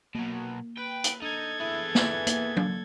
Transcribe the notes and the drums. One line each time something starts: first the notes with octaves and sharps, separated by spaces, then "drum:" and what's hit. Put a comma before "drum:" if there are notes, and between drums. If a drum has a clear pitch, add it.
B2 F#3 A#3
B4 G5
drum: hi-hat
D4 D#4 A4 G#6
B3 E4 G#4
E3, drum: snare
A#3, drum: hi-hat
drum: tom F#3